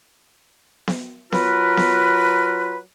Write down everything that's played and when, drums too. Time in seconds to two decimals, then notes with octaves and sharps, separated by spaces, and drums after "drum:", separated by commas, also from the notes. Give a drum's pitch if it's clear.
0.88 drum: snare B3
1.32 F#3 F4 A#4 B4, drum: snare B3
1.77 drum: snare B3